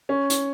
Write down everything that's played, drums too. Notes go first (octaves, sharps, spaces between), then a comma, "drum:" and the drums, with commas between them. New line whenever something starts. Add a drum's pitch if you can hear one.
C#4
drum: hi-hat